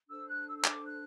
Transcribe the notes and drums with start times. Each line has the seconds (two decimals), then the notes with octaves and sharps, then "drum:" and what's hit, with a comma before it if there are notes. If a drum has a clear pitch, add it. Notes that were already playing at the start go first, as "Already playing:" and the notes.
0.08 D4 A4 C5 E6
0.27 F#6
0.45 E6
0.56 E6
0.64 D6, drum: clap
0.84 F#6